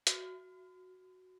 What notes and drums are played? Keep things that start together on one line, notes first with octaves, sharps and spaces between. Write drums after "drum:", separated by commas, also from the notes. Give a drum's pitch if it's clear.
F#4, drum: hi-hat